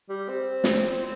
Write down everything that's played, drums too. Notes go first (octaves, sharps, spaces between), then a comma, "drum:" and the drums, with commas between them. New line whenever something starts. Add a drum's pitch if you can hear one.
G3
C4
drum: snare